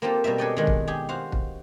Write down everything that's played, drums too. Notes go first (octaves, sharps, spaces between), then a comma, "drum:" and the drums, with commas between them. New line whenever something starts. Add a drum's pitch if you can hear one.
A#3 C4 F4 G4 A4
B2 G3 A#3 E5
G#4 A4 B4 D5 D#5 G5
D#3 G#3 D4
drum: kick
G4 G#4
F#4 C5 F5
drum: kick